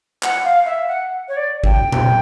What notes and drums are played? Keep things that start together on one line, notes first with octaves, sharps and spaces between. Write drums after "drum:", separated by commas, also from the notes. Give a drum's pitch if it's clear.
F#5, drum: clap
F5
E5
F#5
C#5
D5
G5, drum: kick G#1
drum: tom A#2